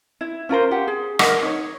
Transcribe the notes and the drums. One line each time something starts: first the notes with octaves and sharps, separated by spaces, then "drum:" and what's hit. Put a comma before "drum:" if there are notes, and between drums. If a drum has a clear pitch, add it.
E4
C#4 F4 A#4 C5
G4 F#5
G#4
A#4 D#5 F#5, drum: rim click
D#4 C#5